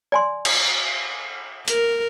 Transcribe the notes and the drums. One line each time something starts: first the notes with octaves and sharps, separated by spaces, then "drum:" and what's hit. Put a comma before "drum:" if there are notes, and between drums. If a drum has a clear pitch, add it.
D5 G#5 C6
drum: cymbal
A#4, drum: hi-hat